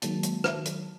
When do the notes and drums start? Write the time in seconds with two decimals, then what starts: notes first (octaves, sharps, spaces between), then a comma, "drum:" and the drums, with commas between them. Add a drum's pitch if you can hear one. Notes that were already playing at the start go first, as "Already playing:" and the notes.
0.02 D#3 F#3 G#3 A#3 A5, drum: hi-hat
0.23 drum: hi-hat
0.44 drum: rim click
0.65 drum: hi-hat